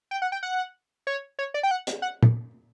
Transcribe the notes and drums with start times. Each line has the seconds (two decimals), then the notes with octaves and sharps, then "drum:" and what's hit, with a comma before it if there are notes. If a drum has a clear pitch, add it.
0.11 G5
0.22 F#5
0.32 G5
0.43 F#5
1.07 C#5
1.39 C#5
1.54 D5
1.63 G5
1.71 F#5
1.87 drum: hi-hat
2.02 F#5
2.23 drum: tom